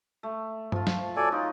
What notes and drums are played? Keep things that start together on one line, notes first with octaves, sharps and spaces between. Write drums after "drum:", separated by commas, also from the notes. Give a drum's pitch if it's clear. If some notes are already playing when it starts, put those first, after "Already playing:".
A3
F3 F4, drum: tom G2
drum: snare
F#3 A4 D5 G#5
D#4 F4